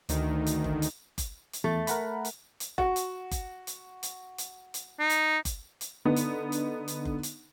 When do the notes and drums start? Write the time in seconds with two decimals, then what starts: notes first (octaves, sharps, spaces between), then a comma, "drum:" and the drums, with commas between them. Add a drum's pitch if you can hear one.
0.09 D2 D#3, drum: hi-hat
0.46 drum: hi-hat
0.64 drum: kick F#1
0.82 drum: hi-hat
1.18 drum: kick F#1, hi-hat
1.53 drum: hi-hat
1.64 E2 A3 A6
1.87 A#4 F#5 B5, drum: hi-hat
2.25 drum: hi-hat
2.60 drum: hi-hat
2.78 F#4, drum: kick F#1
2.96 drum: hi-hat
3.31 drum: kick F#1, hi-hat
3.67 drum: hi-hat
4.03 drum: hi-hat
4.38 drum: hi-hat
4.74 drum: hi-hat
4.99 D#4
5.10 drum: hi-hat
5.45 drum: kick F#1, hi-hat
5.81 drum: hi-hat
6.05 D3 B3 D#4
6.16 drum: hi-hat
6.52 drum: hi-hat
6.88 drum: hi-hat
7.05 drum: kick F#1
7.23 drum: hi-hat